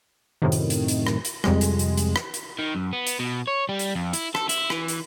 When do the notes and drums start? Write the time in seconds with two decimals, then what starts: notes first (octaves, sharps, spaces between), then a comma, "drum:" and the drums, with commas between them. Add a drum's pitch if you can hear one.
0.42 F#2 A2 C3 D#3
0.52 drum: hi-hat
0.70 drum: hi-hat
0.88 drum: hi-hat
1.07 drum: rim click
1.25 drum: hi-hat
1.44 F2 C3 G3 G#3, drum: rim click
1.61 drum: hi-hat
1.79 drum: hi-hat
1.97 drum: hi-hat
2.16 drum: rim click
2.34 drum: hi-hat
2.59 D#3
2.75 F#2
2.93 B3
3.07 drum: hi-hat
3.19 B2
3.48 C#5
3.69 G3
3.79 drum: hi-hat
3.95 F2
4.13 E4, drum: hi-hat
4.35 A4, drum: rim click
4.49 E4, drum: hi-hat
4.70 E3, drum: rim click
4.88 drum: hi-hat